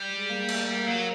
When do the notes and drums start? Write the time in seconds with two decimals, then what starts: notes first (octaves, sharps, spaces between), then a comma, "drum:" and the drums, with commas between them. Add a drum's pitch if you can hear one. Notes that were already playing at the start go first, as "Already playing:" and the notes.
Already playing: G3
0.10 G#3
0.29 A#3
0.49 A3, drum: cymbal
0.67 A#3
0.87 F#3 A#3